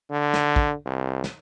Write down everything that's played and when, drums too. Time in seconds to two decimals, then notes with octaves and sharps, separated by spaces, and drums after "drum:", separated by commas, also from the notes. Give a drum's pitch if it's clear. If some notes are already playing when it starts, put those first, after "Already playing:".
0.11 D3
0.34 drum: snare
0.56 drum: kick
0.86 C2
1.24 drum: snare